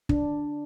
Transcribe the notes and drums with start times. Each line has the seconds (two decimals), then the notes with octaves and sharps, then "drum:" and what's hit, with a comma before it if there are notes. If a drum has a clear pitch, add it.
0.09 D4, drum: kick